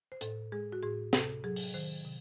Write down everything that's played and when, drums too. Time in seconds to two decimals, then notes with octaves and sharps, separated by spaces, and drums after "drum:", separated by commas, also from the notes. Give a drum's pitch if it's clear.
0.12 C5
0.21 A2 A4, drum: hi-hat
0.52 G#3 G#4
0.72 F#4
0.83 A2 G#4
1.13 C3 A4, drum: snare
1.44 F#3 G#4
1.56 drum: open hi-hat
1.74 D#3 C5
2.05 C3